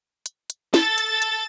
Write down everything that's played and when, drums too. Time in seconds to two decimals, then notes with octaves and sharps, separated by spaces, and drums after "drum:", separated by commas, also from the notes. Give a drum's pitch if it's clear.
0.26 drum: hi-hat
0.50 drum: hi-hat
0.74 A4 A5 A6, drum: snare
0.98 drum: hi-hat
1.22 drum: hi-hat